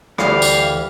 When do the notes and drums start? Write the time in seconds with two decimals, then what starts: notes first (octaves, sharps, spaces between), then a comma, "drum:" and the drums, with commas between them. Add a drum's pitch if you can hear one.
0.18 D2 E3 G3 F5, drum: rim click
0.42 drum: tambourine